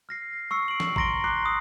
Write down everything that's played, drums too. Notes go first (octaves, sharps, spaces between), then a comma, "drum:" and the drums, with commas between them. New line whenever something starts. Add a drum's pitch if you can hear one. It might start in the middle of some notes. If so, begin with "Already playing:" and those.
F6 A#6 C7
C#6 E6 C7 C#7
D7 F#7
drum: snare
A#5 C6 A#6 D7 G7, drum: kick G#1
A#5 C6 D6 F#6 C7
B5 D#6 E6